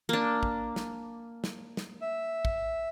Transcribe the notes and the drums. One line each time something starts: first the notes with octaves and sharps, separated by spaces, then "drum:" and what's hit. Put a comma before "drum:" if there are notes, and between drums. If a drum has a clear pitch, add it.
A#3 D4
drum: kick
drum: snare
drum: snare
drum: snare
E5
drum: kick